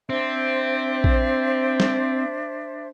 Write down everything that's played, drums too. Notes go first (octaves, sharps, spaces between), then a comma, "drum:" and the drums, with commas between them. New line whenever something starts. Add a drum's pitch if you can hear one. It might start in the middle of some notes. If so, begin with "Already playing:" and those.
C4 D4 C5 E5
drum: kick A#1
drum: snare